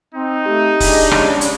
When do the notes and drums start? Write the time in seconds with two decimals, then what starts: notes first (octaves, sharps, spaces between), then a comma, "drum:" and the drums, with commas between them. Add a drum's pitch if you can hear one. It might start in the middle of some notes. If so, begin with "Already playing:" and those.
0.14 C4 D#4
0.46 A3 G4
0.80 D4 E4 G#4 D#5, drum: kick E1, open hi-hat
1.11 C#3 G#3, drum: rim click
1.41 drum: hi-hat